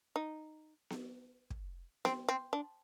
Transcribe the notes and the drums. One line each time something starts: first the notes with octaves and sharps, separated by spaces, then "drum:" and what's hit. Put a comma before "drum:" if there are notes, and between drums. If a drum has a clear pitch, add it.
D#4
drum: snare B3
drum: kick
C4, drum: snare B3
C4
D4